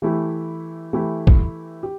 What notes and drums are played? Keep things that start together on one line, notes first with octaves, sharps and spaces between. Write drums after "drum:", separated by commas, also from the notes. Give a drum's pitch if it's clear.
E3 A3 E4 G4
E3 A3 E4 G4
drum: kick
G4